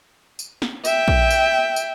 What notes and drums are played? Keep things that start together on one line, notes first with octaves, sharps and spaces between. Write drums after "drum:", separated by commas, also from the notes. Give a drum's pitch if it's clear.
drum: tambourine
drum: snare
E5 G5, drum: tambourine
drum: kick A#1
drum: tambourine
drum: tambourine